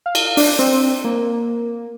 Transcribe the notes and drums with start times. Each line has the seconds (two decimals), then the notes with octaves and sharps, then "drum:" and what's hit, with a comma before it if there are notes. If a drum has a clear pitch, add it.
0.06 F5
0.15 drum: cymbal
0.37 D4, drum: open hi-hat
0.59 C4
1.04 A#3